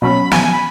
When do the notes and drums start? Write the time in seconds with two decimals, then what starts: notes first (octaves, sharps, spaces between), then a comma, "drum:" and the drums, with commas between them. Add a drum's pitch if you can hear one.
0.02 B2 F#3 C#4 B5
0.31 G#5, drum: snare
0.43 G#5
0.52 B5